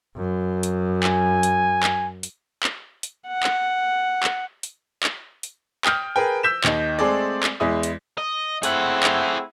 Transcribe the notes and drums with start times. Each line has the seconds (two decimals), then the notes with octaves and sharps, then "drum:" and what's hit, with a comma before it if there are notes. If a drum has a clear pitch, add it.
0.17 F#2
0.63 drum: hi-hat
1.03 G#5, drum: clap
1.43 drum: hi-hat
1.83 drum: clap
2.23 drum: hi-hat
2.63 drum: clap
3.03 drum: hi-hat
3.27 F#5
3.43 drum: clap
4.23 drum: clap
4.63 drum: hi-hat
5.03 drum: clap
5.43 drum: hi-hat
5.85 G5 D#6 F6 G6, drum: clap
6.16 G#4 A#4 B4 G5
6.43 E6 G6 B6 E7
6.64 D#2 D#4, drum: clap
6.99 G#3 A3 C4 G#4 A4 D5
7.43 drum: clap
7.60 E2 G#3 E4 D#6
7.83 drum: hi-hat
8.18 D#5
8.63 A3 C4 E4 G#4 F#5, drum: hi-hat
9.03 drum: clap